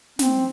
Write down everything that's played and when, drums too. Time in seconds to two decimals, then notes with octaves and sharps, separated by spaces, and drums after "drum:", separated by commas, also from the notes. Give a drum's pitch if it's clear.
0.19 C4, drum: snare